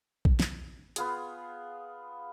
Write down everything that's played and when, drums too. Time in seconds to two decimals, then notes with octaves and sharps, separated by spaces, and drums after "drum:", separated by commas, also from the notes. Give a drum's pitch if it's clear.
0.25 drum: kick A#1
0.40 drum: snare
0.96 B3 F4 G#4, drum: hi-hat